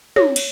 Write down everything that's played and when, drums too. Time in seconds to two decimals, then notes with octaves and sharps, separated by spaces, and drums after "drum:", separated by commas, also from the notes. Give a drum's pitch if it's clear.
0.16 C#5, drum: tom
0.36 drum: cymbal